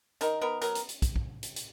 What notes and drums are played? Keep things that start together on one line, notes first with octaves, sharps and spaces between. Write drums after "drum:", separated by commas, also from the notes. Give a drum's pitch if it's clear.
D#3 A#4, drum: hi-hat
B3 A#4
F#3 A#4, drum: hi-hat
drum: hi-hat
drum: hi-hat
drum: kick, hi-hat
drum: kick
drum: hi-hat
drum: hi-hat